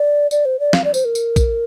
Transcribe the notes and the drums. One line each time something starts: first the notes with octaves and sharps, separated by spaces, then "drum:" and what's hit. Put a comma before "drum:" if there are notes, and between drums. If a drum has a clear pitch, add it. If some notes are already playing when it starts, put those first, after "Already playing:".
Already playing: D5
D5, drum: tambourine
C5
D5
F5, drum: snare
D5
C5, drum: tambourine
A#4
drum: tambourine
drum: kick, tambourine